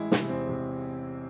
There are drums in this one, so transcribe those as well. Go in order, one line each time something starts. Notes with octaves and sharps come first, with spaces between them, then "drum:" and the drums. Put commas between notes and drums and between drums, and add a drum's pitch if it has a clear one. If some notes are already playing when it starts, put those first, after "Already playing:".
Already playing: A1 G#3 E4
C3, drum: snare
E2 C4
C3